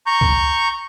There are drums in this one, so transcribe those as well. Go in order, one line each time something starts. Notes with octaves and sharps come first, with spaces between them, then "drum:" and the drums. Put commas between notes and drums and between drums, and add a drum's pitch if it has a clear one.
A#5 C#6 G6
drum: kick C#2